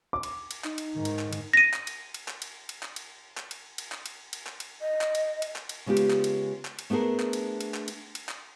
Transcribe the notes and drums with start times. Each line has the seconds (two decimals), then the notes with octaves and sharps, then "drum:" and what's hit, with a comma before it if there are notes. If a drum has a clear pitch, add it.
0.13 D6
0.23 drum: cymbal
0.51 drum: cymbal
0.64 D#4, drum: clap
0.78 drum: cymbal
0.95 G#2 D#3
1.05 drum: cymbal
1.19 drum: clap
1.33 drum: cymbal
1.53 A#6 D#7
1.73 drum: clap
1.87 drum: cymbal
2.14 drum: cymbal
2.28 drum: clap
2.42 drum: cymbal
2.69 drum: cymbal
2.83 drum: clap
2.96 drum: cymbal
3.37 drum: clap
3.51 drum: cymbal
3.78 drum: cymbal
3.92 drum: clap
4.06 drum: cymbal
4.33 drum: cymbal
4.47 drum: clap
4.60 drum: cymbal
4.81 D#5
5.01 drum: clap
5.15 drum: cymbal
5.42 drum: cymbal
5.56 drum: clap
5.69 drum: cymbal
5.86 C#3 G#3 B3 F4 G4
5.97 drum: cymbal
6.10 drum: clap
6.24 drum: cymbal
6.65 drum: clap
6.79 drum: cymbal
6.90 A3 B3 D4 G#4 A#4
7.20 drum: clap
7.33 drum: cymbal
7.61 drum: cymbal
7.74 drum: clap
7.88 drum: cymbal
8.15 drum: cymbal
8.29 drum: clap